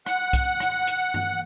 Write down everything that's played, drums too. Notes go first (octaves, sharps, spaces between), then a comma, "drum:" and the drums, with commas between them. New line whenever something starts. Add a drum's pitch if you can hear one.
F#5, drum: rim click
drum: kick B1, hi-hat
drum: rim click
drum: hi-hat
drum: tom G2